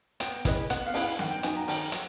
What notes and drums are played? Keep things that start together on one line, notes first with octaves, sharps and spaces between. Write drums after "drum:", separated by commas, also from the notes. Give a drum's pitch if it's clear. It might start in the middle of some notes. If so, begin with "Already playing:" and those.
B3 G5, drum: hi-hat
E4 G#4 B4 D#5, drum: kick, hi-hat
B3 F#5, drum: hi-hat
F5
E4 G#4 B4 D#5, drum: open hi-hat
F#5
D#3 F#5, drum: snare
G5
F#3 B3 D#4 F#4 G#5, drum: hi-hat
A#5
D#3 G5, drum: open hi-hat
F#3, drum: hi-hat